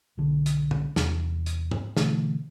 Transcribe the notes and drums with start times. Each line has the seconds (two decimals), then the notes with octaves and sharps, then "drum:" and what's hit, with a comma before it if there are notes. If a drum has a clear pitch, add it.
0.18 B1 D3
0.46 drum: hi-hat
0.71 drum: tom
0.96 E2 C3, drum: snare
1.46 drum: hi-hat
1.71 drum: tom
1.97 B2 D3 E3 A3, drum: snare